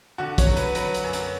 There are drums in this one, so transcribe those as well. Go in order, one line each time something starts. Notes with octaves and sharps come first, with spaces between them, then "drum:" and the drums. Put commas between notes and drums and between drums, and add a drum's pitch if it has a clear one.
D3 F#4
C#5, drum: kick, hi-hat
F#3
B4, drum: hi-hat
F#3 B4, drum: hi-hat
drum: hi-hat
F#2
drum: hi-hat